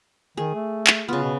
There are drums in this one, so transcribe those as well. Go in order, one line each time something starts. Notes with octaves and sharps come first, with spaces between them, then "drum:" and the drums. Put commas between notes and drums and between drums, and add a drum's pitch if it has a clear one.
D#3 G#4
A3
drum: clap
C#3 B3 F4
B2